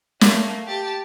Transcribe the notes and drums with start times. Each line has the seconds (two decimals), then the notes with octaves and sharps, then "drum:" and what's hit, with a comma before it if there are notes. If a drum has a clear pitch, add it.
0.21 A3 A#3, drum: snare
0.67 G4 A5